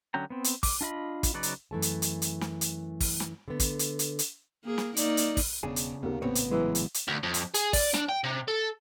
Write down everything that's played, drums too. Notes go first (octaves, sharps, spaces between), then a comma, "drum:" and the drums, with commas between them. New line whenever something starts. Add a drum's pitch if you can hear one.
D3 F#3 C#4 G5 A#5
B3 C4
drum: hi-hat
D6, drum: kick, open hi-hat
D4 F4 D#5 B5
drum: kick, hi-hat
C#3 F#3 D#4 B4 D5
drum: hi-hat
F#2 E3 A3 A5
drum: hi-hat
drum: hi-hat
drum: hi-hat
drum: snare
drum: hi-hat
drum: kick, open hi-hat
drum: snare
D3 A3 B3
drum: kick, hi-hat
drum: hi-hat
drum: hi-hat
drum: hi-hat
A#3 G#4
drum: snare
A#3 D#4 D5, drum: hi-hat
drum: hi-hat
drum: kick, open hi-hat
E1 C#3 B3 D4 G#4
drum: hi-hat
D#2 A#3 B3
A#1 A2 C#3 B3 C4 C#5
drum: hi-hat
E3 F#3 G#3
drum: hi-hat
drum: hi-hat
D2
F2
drum: hi-hat
G#4, drum: hi-hat
D5, drum: kick, open hi-hat
D4, drum: snare
G5
C3
A4